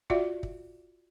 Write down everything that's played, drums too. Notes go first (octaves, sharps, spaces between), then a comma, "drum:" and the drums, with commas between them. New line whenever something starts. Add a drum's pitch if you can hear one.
F4 F#4 D5 E5 F#5, drum: kick
drum: kick